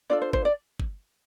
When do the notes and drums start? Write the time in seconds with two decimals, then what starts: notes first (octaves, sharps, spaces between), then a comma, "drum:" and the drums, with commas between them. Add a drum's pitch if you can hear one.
0.10 D4 F4 A4 D5
0.22 C5
0.33 C5, drum: kick G1
0.45 D5
0.80 drum: kick G1